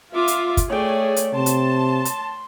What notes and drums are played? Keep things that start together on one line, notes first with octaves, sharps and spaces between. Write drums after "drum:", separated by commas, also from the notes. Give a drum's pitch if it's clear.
F4 E5 D6
drum: hi-hat
drum: kick, hi-hat
A3 G#4 C#5 D5 G5
drum: hi-hat
C3 A5 C6
drum: hi-hat
drum: hi-hat